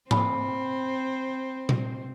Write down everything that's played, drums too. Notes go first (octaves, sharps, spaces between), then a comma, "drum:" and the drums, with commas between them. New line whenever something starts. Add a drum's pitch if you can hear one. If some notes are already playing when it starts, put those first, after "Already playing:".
C4 C5 B5, drum: tom G#2
drum: tom A#2